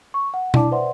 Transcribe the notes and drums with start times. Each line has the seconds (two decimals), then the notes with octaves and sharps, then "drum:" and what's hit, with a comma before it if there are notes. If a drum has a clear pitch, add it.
0.14 C#6
0.34 F#5
0.54 D4 E4 D5 A5 D6, drum: tom B2
0.71 B4 C5 D5 E5 F#5 C6